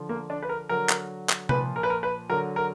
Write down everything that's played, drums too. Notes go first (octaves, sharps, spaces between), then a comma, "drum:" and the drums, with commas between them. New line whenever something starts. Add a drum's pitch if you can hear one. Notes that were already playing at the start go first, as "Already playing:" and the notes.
Already playing: D3 F3
A#3
D4
B4
A#4
D3 F#3 A#4
drum: clap
drum: clap
A#2 F3 B4, drum: tom C3
A#4
B4
A#4
B4
D3 F#3 A#4
A#4